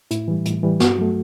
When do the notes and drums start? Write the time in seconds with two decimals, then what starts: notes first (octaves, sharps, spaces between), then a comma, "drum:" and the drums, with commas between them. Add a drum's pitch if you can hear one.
0.11 A2 E4, drum: hi-hat
0.28 E3 G3
0.45 A2, drum: hi-hat
0.63 E3 G3
0.80 G2 F#4, drum: snare
0.98 F#3 A3